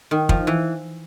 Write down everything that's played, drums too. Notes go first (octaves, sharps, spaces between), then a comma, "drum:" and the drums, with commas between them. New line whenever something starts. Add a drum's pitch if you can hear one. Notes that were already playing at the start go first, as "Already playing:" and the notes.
D#3
F3, drum: kick
E3